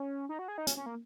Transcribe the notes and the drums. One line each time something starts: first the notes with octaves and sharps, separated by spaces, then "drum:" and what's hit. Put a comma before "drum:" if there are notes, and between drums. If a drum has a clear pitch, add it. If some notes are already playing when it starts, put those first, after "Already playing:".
Already playing: C#4
D#4
F#4
G#4
D#4
C#4, drum: hi-hat
C#4
A#3